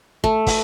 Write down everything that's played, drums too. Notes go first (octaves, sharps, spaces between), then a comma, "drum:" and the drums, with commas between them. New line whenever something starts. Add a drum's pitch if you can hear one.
A3, drum: kick
drum: kick, open hi-hat